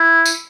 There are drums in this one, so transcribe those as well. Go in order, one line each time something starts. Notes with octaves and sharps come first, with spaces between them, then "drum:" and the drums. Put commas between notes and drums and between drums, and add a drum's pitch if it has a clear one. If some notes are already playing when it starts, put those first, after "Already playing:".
Already playing: E4
drum: tambourine